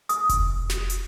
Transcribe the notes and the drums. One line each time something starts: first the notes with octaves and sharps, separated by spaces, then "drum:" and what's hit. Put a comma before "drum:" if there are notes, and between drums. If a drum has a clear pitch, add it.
D#6, drum: hi-hat
drum: kick F1, hi-hat
drum: snare
drum: hi-hat